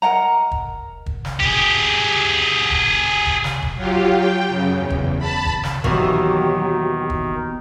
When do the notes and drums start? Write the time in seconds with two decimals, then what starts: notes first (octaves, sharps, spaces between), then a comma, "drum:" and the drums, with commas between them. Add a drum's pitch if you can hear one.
0.02 A#4 D#5 F#5 A#5
0.51 drum: kick
1.06 drum: kick
1.25 drum: snare
1.40 G4 G#4, drum: kick
2.71 drum: kick
3.26 drum: kick
3.44 drum: snare
3.62 drum: kick
3.75 F#3 F4 G4
4.17 G5
4.48 F#2 C#3
4.78 E2
4.90 drum: kick
5.19 A5 B5
5.45 drum: kick
5.63 drum: snare
5.84 D#2 B2 D#3 E3 F#3 G4, drum: kick
7.10 drum: kick